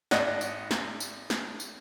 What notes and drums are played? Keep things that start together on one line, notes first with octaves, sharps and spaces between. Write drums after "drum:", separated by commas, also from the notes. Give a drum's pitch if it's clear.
G#1 D5 D#5 F#5, drum: snare
drum: tambourine
drum: snare
drum: tambourine
drum: snare
drum: tambourine